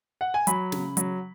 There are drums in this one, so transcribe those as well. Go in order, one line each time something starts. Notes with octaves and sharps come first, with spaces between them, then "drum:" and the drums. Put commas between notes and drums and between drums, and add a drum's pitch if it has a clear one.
F#5
G#5
F#3 B5, drum: hi-hat
C#3, drum: snare
F#3, drum: hi-hat